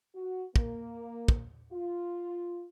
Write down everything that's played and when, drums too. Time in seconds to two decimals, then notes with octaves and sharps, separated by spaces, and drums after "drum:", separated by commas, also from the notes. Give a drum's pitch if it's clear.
0.15 F#4
0.56 A#3, drum: kick
1.28 drum: kick
1.73 F4